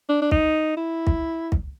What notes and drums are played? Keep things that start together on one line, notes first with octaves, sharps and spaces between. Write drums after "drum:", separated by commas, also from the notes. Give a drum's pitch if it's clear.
D4
D4
D#4, drum: kick
E4
drum: kick
drum: kick